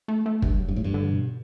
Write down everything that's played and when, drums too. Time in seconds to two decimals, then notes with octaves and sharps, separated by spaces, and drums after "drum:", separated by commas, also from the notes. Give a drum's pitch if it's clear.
0.08 A3
0.26 A3
0.42 G2 G3, drum: kick
0.59 F#3
0.69 G2
0.76 A2 E3
0.84 G2
0.94 D3
1.11 B2